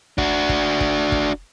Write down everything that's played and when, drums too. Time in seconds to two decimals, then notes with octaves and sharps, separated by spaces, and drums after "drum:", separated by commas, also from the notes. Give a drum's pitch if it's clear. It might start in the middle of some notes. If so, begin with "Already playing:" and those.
0.18 D4 F#4, drum: kick
0.49 drum: kick
0.81 drum: kick
1.12 drum: kick